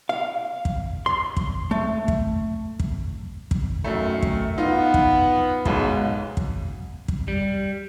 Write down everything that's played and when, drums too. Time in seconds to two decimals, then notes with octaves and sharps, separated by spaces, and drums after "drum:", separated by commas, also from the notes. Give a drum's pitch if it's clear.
0.09 F5
0.65 drum: kick
1.06 C6
1.37 drum: kick
1.71 A3
2.08 drum: kick
2.80 drum: kick
3.51 drum: kick
3.84 F#2 D#3 A3
4.22 drum: kick
4.58 B3 D#4 F4
4.94 drum: kick
5.65 B1 G#2, drum: kick
6.37 drum: kick
7.08 drum: kick
7.28 G3